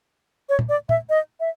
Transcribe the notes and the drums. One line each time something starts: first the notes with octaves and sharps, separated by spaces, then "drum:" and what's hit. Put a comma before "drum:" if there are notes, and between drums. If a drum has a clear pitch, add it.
C#5
drum: tom
D5
E5, drum: tom
D#5
E5